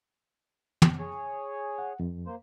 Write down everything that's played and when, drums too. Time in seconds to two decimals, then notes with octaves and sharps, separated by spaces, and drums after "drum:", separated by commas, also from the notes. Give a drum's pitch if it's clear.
0.82 drum: tom
0.99 G#4 C#5
1.78 F#5
2.00 F2
2.26 A#3 C5